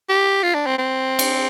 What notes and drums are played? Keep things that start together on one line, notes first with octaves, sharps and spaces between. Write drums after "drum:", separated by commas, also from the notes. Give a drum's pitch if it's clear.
G4
F4
D4
C4
C4
drum: cymbal